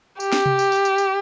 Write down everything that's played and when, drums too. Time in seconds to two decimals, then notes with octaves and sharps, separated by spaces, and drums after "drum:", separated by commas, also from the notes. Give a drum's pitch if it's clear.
0.20 G4, drum: tambourine
0.33 drum: snare
0.46 drum: tom C3
0.59 drum: tambourine
0.72 drum: tambourine
0.85 drum: tambourine
0.98 drum: tambourine